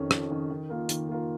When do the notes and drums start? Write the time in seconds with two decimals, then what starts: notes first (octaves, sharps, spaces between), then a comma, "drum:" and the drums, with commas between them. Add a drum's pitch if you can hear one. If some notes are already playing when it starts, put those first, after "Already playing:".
Already playing: F2 D#3 C#4
0.11 F2, drum: rim click
0.31 D#3 C#4
0.51 D#3
0.69 A#3 F4 A#4
0.89 D#3, drum: hi-hat
1.09 A#3 F4 A#4